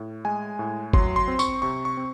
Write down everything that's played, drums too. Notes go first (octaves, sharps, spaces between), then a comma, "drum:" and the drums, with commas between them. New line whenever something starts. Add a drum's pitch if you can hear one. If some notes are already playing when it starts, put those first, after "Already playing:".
Already playing: A2
G#3 G#5
A2
F#3 C6, drum: kick G1
C6
C4
C#6, drum: tambourine
C3 C#6
C#6
C4